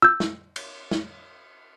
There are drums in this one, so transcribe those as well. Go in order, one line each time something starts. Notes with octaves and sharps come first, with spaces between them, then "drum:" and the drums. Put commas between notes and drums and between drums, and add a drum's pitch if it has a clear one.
E6 G6
drum: snare
drum: cymbal
drum: snare